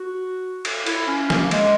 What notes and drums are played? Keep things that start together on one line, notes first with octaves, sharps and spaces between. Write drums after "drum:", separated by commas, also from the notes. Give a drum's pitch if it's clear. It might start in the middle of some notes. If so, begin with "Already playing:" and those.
Already playing: F#4
drum: cymbal
E4, drum: cymbal
C#4
A#3, drum: snare
G#3, drum: cymbal